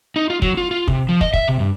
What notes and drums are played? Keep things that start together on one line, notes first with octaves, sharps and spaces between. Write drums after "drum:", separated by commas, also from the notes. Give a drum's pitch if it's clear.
D#4
F4
F#3, drum: kick
F4
F4
C3, drum: kick
F3
D#5, drum: kick
E5, drum: kick
C3
G2